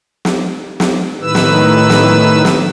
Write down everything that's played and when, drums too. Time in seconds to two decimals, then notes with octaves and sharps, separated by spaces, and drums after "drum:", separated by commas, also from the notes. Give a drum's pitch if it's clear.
0.25 drum: snare
0.80 drum: snare
1.21 A2 D#3 B4 E6
1.35 drum: snare
1.90 drum: snare
2.45 drum: snare